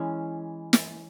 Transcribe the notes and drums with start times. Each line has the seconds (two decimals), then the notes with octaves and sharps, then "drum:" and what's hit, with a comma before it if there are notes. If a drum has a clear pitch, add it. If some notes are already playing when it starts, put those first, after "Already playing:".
Already playing: E3 G#3 C#4
0.73 drum: snare